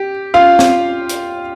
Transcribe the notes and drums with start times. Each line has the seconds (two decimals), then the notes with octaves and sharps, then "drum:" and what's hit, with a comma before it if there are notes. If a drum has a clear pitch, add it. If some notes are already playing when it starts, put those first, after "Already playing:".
Already playing: G4
0.34 F4 F5
0.59 drum: snare
1.09 drum: hi-hat